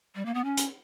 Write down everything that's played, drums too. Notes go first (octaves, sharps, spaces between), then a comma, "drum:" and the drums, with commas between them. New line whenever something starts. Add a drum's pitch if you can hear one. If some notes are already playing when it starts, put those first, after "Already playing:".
G3
A#3
B3
C#4
drum: hi-hat